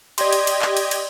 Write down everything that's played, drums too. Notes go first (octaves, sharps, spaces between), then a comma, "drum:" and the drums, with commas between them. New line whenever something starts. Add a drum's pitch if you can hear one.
G4 D5 D#5 C6 G#6, drum: cymbal
drum: cymbal
drum: cymbal
drum: clap
drum: cymbal
drum: cymbal